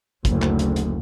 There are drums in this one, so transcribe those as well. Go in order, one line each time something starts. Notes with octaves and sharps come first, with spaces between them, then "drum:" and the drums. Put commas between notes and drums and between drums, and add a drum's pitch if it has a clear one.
F#1 D2, drum: kick, hi-hat
drum: clap
drum: hi-hat
drum: hi-hat